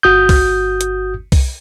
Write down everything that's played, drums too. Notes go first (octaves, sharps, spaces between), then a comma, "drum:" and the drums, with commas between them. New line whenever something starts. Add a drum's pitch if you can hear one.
G1 F#4 D#6 G6
drum: kick, open hi-hat
drum: hi-hat
drum: kick, open hi-hat